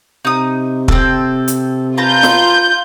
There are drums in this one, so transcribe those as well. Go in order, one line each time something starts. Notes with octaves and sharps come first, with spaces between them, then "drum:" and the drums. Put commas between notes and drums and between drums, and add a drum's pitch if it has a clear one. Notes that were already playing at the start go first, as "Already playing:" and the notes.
C3 D#4 D#6
C4 A4, drum: kick
drum: hi-hat
F4 B4 A5 A#5 G6
drum: snare